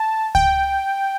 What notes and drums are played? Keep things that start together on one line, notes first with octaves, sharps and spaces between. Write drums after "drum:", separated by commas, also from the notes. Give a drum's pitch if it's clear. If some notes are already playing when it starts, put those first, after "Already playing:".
Already playing: A5
G5, drum: kick C#2